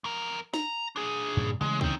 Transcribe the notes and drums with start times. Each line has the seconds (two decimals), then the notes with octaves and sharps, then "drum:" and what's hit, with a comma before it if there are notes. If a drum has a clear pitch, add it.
0.04 F2 A#4
0.54 A#5, drum: snare
0.96 D4 G#4
1.37 G2 A#2 C#3
1.61 C#3 E3 G#3 A3
1.81 C4 D#4, drum: kick